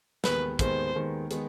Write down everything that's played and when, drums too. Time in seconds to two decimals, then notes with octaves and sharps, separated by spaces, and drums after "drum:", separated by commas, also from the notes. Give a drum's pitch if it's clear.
0.24 D#2 D#3 G#3 B3 B4, drum: snare
0.59 D#2 D#3 G#3 B3 C5, drum: kick, hi-hat
0.95 D#2 D#3 G#3 B3
1.31 D#3 G#3 B3, drum: hi-hat